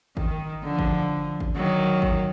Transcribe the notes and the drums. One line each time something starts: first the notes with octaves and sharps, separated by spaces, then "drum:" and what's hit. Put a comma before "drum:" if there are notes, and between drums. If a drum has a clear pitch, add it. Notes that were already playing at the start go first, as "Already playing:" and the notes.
D#3, drum: kick G#1
D3 F3
drum: kick G#1
drum: kick G#1
D#3 F#3
drum: kick G#1